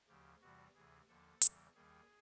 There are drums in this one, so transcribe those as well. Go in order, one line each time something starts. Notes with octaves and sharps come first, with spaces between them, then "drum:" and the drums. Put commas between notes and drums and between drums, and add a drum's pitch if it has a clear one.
D2 C#3 F3 G4
E2 C3 E3 G3 F#4
D2 C3 E3 G#4
D#2 D3 F3 A4
E2 C#3 E3 G3, drum: hi-hat
D#2 D#3 G3 G#4